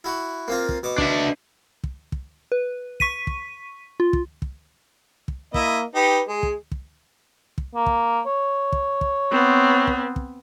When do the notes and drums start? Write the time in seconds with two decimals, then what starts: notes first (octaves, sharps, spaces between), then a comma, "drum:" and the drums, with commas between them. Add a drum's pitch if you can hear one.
0.04 E4 F#4
0.48 A#3 C4 F4
0.69 drum: kick
0.83 B2 D6
0.98 D4 E5, drum: kick
1.84 drum: kick
2.12 drum: kick
2.52 B4
3.00 C#6 B6 D#7, drum: kick
3.27 drum: kick
4.00 F4
4.13 drum: kick
4.42 drum: kick
5.28 drum: kick
5.54 A#3 E4 D#5 E5, drum: kick
5.95 D#4 G4 B4
6.28 G#3 G#4
6.43 drum: kick
6.72 drum: kick
7.58 drum: kick
7.75 A#3
7.86 drum: kick
8.26 C#5
8.72 drum: kick
9.01 drum: kick
9.31 B3 C4
9.87 drum: kick
10.16 drum: kick